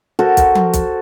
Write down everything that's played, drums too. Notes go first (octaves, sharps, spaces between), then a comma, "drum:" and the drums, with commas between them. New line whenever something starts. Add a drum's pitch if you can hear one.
F#4 A4 A#4 C5
drum: kick, hi-hat
drum: tom F3
drum: kick, hi-hat